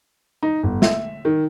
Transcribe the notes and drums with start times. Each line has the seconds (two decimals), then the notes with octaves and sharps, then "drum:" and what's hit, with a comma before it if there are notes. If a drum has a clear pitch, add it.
0.43 D#4
0.63 G1
0.82 E5, drum: snare
1.25 D#3